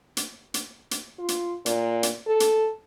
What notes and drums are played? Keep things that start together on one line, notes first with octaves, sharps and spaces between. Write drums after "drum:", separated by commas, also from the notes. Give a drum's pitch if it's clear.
drum: hi-hat
drum: hi-hat
drum: hi-hat
F4
drum: hi-hat
A#2, drum: hi-hat
drum: hi-hat
A4
drum: hi-hat